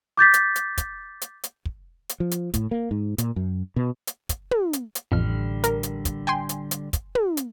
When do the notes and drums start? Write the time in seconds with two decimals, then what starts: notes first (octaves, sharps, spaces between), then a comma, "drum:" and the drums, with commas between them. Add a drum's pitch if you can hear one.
0.17 D6 G6 A6 B6
0.34 drum: hi-hat
0.56 drum: hi-hat
0.78 drum: kick, hi-hat
1.21 drum: hi-hat
1.43 drum: hi-hat
1.65 drum: kick
2.09 drum: hi-hat
2.20 F3
2.31 drum: hi-hat
2.54 A2, drum: kick, hi-hat
2.71 A#3
2.91 G#2
3.18 A#2, drum: hi-hat
3.36 F#2
3.76 B2
4.07 drum: hi-hat
4.29 drum: kick, hi-hat
4.51 drum: tom
4.73 drum: hi-hat
4.95 drum: hi-hat
5.12 A1 F2 D3 G3 F6
5.64 A#4, drum: hi-hat
5.83 drum: hi-hat
6.05 drum: kick, hi-hat
6.27 G5 G#5 C6
6.49 drum: hi-hat
6.71 drum: hi-hat
6.93 drum: kick, hi-hat
7.15 drum: tom
7.37 drum: hi-hat